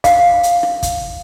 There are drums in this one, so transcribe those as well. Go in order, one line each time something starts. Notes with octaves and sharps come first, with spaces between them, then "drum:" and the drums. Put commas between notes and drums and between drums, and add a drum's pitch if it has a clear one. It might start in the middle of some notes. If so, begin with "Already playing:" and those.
F5, drum: kick, hi-hat
drum: hi-hat
drum: rim click
drum: kick, hi-hat